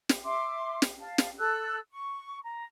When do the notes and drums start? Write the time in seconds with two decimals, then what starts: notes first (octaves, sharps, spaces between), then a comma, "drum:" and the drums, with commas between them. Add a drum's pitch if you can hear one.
0.09 drum: snare
0.25 E5 C6 D6
0.82 drum: snare
1.00 F5 A5
1.18 drum: snare
1.38 A4 E6 F#6
1.91 C#6
2.43 A#5